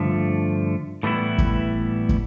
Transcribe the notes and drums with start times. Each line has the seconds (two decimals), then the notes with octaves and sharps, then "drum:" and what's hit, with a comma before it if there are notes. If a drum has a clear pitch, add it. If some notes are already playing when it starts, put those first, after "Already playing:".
Already playing: G2 D3 F3 A3
1.03 A2 E3 G3 B3 E4
1.38 drum: kick
2.09 drum: kick